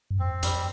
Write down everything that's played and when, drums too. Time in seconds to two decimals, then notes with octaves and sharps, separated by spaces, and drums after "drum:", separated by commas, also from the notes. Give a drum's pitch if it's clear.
0.11 G2
0.18 F2 C4
0.43 F2 G3, drum: hi-hat